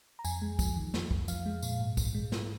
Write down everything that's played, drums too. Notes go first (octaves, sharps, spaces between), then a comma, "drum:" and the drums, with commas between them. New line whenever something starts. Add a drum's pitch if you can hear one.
A#5
F2 G#5, drum: tambourine
G#3
F3, drum: kick, tambourine
D#3
F2, drum: snare
F2, drum: kick
F3 F5, drum: tambourine
G#3
A#2, drum: tambourine
G#2
G#2, drum: kick, tambourine
G#3
G#2, drum: snare